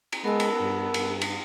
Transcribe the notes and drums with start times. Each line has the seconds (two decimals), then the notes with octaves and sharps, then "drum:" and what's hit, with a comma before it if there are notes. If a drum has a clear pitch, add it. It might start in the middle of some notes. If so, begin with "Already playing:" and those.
0.12 drum: cymbal
0.24 G#3 B3 A#4 A5 E6
0.40 drum: cymbal
0.60 G2
0.94 G2, drum: cymbal
1.21 drum: cymbal